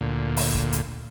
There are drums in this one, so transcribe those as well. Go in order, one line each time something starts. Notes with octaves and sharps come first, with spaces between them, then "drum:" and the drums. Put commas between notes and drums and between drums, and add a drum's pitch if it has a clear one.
D2 A#2
drum: open hi-hat
drum: kick
drum: hi-hat